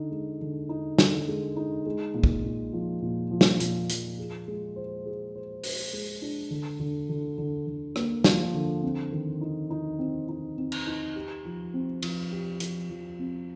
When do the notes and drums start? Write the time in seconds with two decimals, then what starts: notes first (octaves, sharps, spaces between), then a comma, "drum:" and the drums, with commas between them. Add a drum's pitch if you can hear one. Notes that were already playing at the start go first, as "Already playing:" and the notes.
Already playing: D3 D#4
0.11 G#3
0.41 D3
0.69 D#4
0.98 D3, drum: snare
1.28 G#3
1.57 D#4
1.86 G#3
2.14 A#2
2.24 drum: kick
2.44 A#2
2.73 F3
3.01 A#2
3.31 F3
3.41 drum: snare
3.60 A#2, drum: hi-hat
3.90 F3, drum: hi-hat
4.19 G#4
4.48 G#3
4.76 C5
5.06 G#4
5.35 C5
5.64 C5, drum: open hi-hat
5.93 G#3
6.22 D4
6.50 D3
6.80 D3
7.09 D3
7.38 D3
7.67 D3
7.96 A#3, drum: rim click
8.24 F3, drum: snare
8.54 D3
8.83 C4
9.12 D#3
9.41 D#4
9.70 D#4
9.99 C4
10.29 D#4
10.58 C4
10.72 drum: cymbal
10.87 D#4
11.16 G4
11.45 F3
11.74 C4
12.03 F3, drum: cymbal
12.32 G4
12.60 F3, drum: hi-hat
12.90 F3
13.19 C4